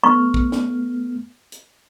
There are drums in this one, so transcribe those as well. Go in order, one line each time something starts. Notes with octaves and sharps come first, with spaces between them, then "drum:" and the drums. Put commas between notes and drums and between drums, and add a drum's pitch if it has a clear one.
A3 B3 C#6 F6
drum: kick
drum: snare
drum: hi-hat